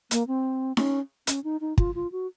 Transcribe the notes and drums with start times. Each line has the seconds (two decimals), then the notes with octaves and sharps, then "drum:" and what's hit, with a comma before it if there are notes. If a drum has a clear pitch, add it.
0.11 A#3, drum: hi-hat
0.27 C4
0.77 C#4, drum: snare D#4
1.27 C#4, drum: hi-hat
1.44 D#4
1.61 D#4
1.78 F4, drum: kick
1.95 F4
2.12 F#4